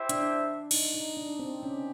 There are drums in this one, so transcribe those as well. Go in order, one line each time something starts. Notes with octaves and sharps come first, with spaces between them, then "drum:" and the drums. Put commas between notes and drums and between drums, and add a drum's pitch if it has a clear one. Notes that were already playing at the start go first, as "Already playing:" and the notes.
Already playing: E4 G4 C5 E5
D4, drum: hi-hat
D#4, drum: cymbal
D#4
D4
C4
C#4 G4